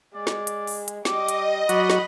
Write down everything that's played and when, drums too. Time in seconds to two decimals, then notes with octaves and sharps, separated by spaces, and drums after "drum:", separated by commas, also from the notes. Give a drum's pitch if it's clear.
0.15 G#3 D5
0.27 drum: snare
0.47 drum: hi-hat
0.67 drum: open hi-hat
0.88 drum: hi-hat
1.05 G3 D#5 D6, drum: snare
1.29 drum: hi-hat
1.69 F#3 F#4 D5 B5, drum: hi-hat
1.90 drum: snare